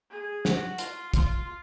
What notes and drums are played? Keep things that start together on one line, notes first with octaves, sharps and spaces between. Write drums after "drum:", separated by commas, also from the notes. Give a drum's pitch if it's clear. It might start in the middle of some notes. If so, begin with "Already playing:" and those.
G#4
F#4, drum: snare
F4, drum: hi-hat
F4, drum: kick, hi-hat